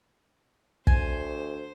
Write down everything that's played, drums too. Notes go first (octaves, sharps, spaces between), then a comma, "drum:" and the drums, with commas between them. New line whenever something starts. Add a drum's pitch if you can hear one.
D2 C5 G#5, drum: kick